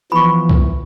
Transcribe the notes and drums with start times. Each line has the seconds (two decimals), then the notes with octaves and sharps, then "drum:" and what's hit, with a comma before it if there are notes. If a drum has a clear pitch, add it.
0.12 E3 F3 B3 B5 C#6
0.49 drum: kick C#2